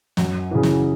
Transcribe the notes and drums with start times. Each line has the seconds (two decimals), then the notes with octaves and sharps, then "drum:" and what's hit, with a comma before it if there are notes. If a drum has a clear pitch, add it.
0.17 F#2, drum: snare
0.51 C#3 E3
0.63 drum: snare